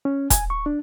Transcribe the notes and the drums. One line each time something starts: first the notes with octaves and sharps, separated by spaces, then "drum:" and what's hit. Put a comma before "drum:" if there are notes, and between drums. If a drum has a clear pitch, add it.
C#4
G#5, drum: kick E1, hi-hat
C#6
D4